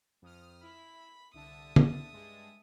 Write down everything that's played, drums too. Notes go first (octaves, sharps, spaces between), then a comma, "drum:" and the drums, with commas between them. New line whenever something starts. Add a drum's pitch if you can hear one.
F2 D#6 F6
E4 B5
C2 D3 E5 A5 D#6
drum: tom
G2 G#3 A5